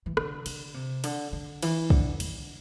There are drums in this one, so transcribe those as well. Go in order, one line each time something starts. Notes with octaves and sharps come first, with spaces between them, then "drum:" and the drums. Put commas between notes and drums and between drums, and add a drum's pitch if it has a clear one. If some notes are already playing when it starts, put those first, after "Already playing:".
E3
D3, drum: rim click
D3, drum: cymbal
C3
D3, drum: cymbal
D3
E3, drum: cymbal
D3, drum: kick
D3, drum: cymbal